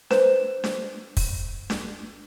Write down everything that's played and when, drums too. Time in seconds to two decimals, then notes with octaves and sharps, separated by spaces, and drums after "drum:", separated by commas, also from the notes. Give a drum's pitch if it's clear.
0.11 B4 C5 E7, drum: snare D4
0.64 drum: snare D4
1.17 drum: kick, open hi-hat
1.70 drum: snare D4